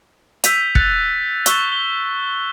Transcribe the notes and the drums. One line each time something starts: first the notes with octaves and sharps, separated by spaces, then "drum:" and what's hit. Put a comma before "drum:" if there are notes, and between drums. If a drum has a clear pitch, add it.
E6 G6 B6 D#7 F7, drum: hi-hat
F#6 A6 C#7 F7, drum: kick
C#6 E6 F#6 A6 G7, drum: hi-hat
G7